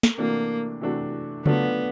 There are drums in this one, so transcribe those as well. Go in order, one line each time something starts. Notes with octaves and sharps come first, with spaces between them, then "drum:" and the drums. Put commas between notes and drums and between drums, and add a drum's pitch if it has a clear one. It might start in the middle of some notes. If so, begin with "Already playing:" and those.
drum: snare
C3 E3 A3 A#3 D4 F#4
C3 E3 A3 D4 F#4
D3 F#3 A3 B3 D4 F4, drum: tom C#3